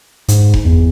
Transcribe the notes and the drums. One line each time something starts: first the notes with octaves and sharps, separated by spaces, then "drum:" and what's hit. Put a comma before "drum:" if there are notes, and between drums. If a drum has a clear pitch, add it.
G#2, drum: hi-hat
drum: kick F1
E2